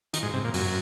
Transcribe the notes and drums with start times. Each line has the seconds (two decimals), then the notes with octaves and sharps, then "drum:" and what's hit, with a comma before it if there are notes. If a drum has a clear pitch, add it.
0.13 D#3, drum: hi-hat
0.23 G#2
0.34 C3
0.44 A#2
0.54 F#2, drum: open hi-hat